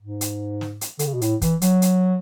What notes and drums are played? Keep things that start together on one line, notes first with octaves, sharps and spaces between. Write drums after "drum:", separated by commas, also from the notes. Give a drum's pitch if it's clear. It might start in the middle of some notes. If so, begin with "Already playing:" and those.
G#2
drum: hi-hat
drum: snare
drum: hi-hat
D3, drum: hi-hat
C#3
B2
A2, drum: hi-hat
E3, drum: kick, hi-hat
F#3, drum: hi-hat
drum: hi-hat